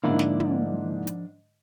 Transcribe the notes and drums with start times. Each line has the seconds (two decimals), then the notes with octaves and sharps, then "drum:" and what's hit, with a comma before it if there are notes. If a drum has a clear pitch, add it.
0.04 G#2 D3 F3 A#3 D4 E4 D5
0.19 drum: snare
0.40 drum: tom
1.07 drum: hi-hat